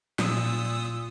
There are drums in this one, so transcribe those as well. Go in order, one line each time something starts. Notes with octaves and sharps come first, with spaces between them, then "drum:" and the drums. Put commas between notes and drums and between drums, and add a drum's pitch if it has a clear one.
A#2 D#6 E6, drum: snare